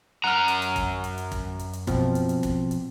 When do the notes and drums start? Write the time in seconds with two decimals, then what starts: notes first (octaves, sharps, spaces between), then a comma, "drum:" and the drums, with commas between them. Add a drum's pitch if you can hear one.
0.24 F#2 F#5 A#5 F6
0.48 drum: hi-hat
0.62 drum: hi-hat
0.76 drum: kick, hi-hat
1.04 drum: hi-hat
1.18 drum: hi-hat
1.32 drum: kick, hi-hat
1.59 drum: hi-hat
1.73 drum: hi-hat
1.87 B2 F3 C4, drum: kick, hi-hat
2.15 drum: hi-hat
2.29 drum: hi-hat
2.43 drum: kick, hi-hat
2.71 drum: hi-hat